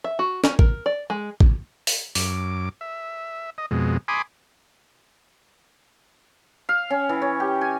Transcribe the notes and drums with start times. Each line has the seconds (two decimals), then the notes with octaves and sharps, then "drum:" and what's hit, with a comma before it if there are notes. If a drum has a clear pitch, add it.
0.04 E5
0.19 F#4
0.44 C#4, drum: snare
0.59 A#4, drum: kick
0.86 D5
1.10 G#3
1.40 drum: kick
1.87 drum: open hi-hat
2.15 F#2 D6, drum: open hi-hat
2.81 E5
3.58 D#5
3.71 F2 B2 G#3
4.08 G#5 B5 C6 D6 D#6
6.69 F5
6.90 C#4
7.09 E3
7.22 C#5
7.40 G4
7.61 G#5